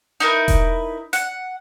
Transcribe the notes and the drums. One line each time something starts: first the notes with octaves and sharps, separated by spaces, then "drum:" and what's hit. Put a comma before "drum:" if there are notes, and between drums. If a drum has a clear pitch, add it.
D#4 E4 A#4 B4
drum: kick E1, hi-hat
F#5, drum: hi-hat